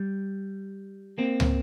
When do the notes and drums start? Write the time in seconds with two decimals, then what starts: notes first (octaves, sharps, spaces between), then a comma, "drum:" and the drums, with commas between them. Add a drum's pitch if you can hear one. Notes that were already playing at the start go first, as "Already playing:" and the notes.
Already playing: G3
1.18 A#3 C4
1.40 drum: tom